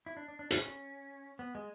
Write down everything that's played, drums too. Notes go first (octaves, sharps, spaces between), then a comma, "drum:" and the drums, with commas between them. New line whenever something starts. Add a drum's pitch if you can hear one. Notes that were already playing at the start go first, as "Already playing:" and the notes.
E4
D4
D4
D4
C#4, drum: hi-hat
B3
G#3